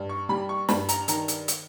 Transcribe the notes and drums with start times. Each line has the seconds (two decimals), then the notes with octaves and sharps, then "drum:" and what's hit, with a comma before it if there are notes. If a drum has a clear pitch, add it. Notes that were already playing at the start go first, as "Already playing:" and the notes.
Already playing: G2
0.09 C#6
0.29 G3 B5
0.49 C#6
0.69 G2 B5, drum: snare
0.89 A#5, drum: hi-hat
1.08 D#3 A#5, drum: hi-hat
1.28 drum: hi-hat
1.48 drum: hi-hat